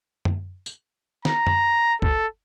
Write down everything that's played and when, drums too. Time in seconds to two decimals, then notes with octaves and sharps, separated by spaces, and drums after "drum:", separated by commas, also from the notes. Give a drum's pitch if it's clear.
0.25 drum: tom F#2
0.66 drum: tambourine
1.25 A#5, drum: snare
1.47 drum: tom F#2
2.02 A4, drum: kick